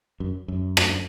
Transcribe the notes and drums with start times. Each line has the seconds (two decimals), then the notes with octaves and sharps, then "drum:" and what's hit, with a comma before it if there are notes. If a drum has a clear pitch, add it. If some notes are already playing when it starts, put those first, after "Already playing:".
0.20 F#2
0.48 F#2
0.77 drum: rim click